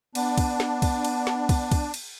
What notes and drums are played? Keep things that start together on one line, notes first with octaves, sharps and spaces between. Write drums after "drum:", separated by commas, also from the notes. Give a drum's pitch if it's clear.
B3 D4, drum: cymbal
drum: kick, cymbal
drum: snare
drum: kick, cymbal
drum: cymbal
drum: snare
drum: kick, cymbal
drum: kick, cymbal
drum: cymbal